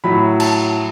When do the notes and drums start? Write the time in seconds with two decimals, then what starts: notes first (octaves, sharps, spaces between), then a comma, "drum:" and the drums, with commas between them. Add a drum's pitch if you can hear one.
0.04 A2 F#3 B5
0.40 A5, drum: cymbal